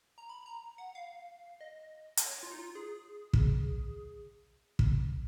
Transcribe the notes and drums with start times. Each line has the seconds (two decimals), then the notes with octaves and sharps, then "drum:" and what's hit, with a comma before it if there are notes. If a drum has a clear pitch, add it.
0.18 A#5
0.29 B5
0.46 A#5
0.78 F#5
0.95 F5
1.61 D#5
2.17 D#5, drum: hi-hat
2.26 C#5
2.43 F4
2.51 D#4
2.59 F4
2.75 G#4
3.33 drum: kick
4.79 drum: kick